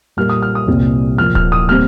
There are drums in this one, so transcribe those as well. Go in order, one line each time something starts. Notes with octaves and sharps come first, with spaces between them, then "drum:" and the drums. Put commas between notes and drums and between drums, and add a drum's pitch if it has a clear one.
A#2 G3 A#3 F6
D#6
F6
D#6
C2 A#2 G3 C4
A#2 F3 A#3 F6
F6, drum: kick D1
D#6
A#2 G3 C4 F6